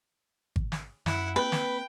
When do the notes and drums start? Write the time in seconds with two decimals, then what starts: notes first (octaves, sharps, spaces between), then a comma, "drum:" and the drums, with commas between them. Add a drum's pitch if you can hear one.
0.56 drum: kick G#1
0.72 drum: snare
1.06 F#2 E4 F#5, drum: snare
1.36 A#3 C4 B4 G5
1.52 drum: snare